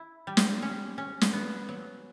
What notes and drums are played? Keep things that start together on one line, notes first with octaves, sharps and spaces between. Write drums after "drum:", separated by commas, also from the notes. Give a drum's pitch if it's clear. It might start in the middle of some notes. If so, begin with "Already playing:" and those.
Already playing: E4
G3
drum: snare
C#4
C#4
drum: snare
B3
F#3